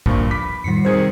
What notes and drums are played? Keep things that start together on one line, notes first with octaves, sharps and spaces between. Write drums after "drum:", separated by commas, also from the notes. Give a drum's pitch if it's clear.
D2 G2 A#2 F3 C#6, drum: kick
B5 D6 B6
F2 A2 D#3 G3 C7 C#7
C3 D#3 G#4 C5 G#6